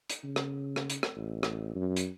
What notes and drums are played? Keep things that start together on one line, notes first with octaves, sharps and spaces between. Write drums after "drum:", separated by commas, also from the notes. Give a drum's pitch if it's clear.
drum: hi-hat
C#3
drum: rim click
drum: rim click
drum: hi-hat
drum: rim click
A1
drum: rim click
F#2
drum: hi-hat